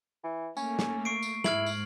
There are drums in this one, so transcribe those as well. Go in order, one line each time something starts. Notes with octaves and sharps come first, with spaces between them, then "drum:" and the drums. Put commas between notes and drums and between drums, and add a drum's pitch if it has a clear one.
E3
A3 A#3 C#4, drum: tambourine
drum: snare
C#6 C7 D7
drum: tambourine
G#2 E4 F6 G#6 F#7, drum: snare
drum: tambourine